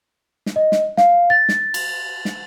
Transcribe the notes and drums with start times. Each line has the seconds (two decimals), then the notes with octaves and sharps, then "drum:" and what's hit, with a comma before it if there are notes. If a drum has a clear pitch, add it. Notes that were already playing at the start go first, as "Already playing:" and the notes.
0.46 drum: snare
0.56 D#5
0.72 drum: snare
0.97 F5, drum: snare
1.30 A6
1.49 drum: snare
1.74 drum: cymbal
2.25 drum: snare